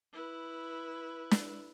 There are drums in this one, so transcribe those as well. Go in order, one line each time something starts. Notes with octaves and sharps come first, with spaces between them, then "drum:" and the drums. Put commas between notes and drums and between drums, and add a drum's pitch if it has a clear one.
E4 B4
drum: snare